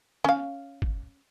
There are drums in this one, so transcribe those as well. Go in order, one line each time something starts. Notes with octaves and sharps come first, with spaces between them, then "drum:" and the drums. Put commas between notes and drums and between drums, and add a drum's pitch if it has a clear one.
C#4 F5, drum: snare
drum: kick